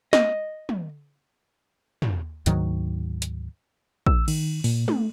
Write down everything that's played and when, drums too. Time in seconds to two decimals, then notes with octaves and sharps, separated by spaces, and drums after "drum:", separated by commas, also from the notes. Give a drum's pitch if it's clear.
0.13 D#5, drum: snare
0.69 drum: tom
2.02 drum: tom
2.46 D2 G#2 D#3 F#3, drum: hi-hat
3.22 drum: hi-hat
4.06 E6, drum: kick A#1
4.28 D#3, drum: cymbal
4.64 A#2, drum: open hi-hat
4.88 A3, drum: tom